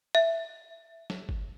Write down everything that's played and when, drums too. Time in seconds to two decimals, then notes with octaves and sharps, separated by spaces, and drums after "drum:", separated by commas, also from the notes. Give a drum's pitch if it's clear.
0.15 E5
1.10 drum: snare
1.29 drum: kick G1